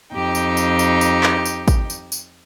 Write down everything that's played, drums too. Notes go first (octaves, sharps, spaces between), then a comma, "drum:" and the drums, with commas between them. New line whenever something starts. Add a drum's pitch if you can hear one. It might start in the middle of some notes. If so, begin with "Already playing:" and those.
F2 D#4 G4 G5
drum: tambourine
drum: tambourine
drum: tambourine
drum: tambourine
drum: clap
drum: tambourine
drum: kick, tambourine
drum: tambourine
drum: tambourine